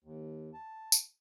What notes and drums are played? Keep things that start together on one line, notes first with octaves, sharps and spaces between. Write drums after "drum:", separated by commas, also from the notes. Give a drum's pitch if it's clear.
D#2
A5
drum: tambourine